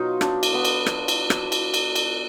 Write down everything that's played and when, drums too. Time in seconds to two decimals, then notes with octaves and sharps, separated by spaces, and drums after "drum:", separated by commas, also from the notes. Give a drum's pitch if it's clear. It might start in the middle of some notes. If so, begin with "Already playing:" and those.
Already playing: B2 F#3 D#4 F4
0.21 D4, drum: rim click
0.43 drum: cymbal
0.54 B3
0.65 drum: cymbal
0.86 drum: rim click
1.08 drum: cymbal
1.30 drum: rim click
1.52 drum: cymbal
1.74 drum: cymbal
1.96 drum: cymbal